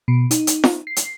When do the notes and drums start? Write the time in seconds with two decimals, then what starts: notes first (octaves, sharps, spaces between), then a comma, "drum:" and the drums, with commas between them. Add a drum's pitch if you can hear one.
0.08 B2
0.31 D#4, drum: hi-hat
0.47 drum: hi-hat
0.64 drum: snare F4
0.87 C7
0.96 drum: hi-hat